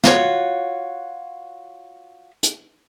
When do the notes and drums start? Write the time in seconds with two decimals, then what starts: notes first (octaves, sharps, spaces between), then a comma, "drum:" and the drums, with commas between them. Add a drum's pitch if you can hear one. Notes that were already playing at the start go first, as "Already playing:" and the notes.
0.04 F4 F#4 C#5, drum: snare
2.43 drum: hi-hat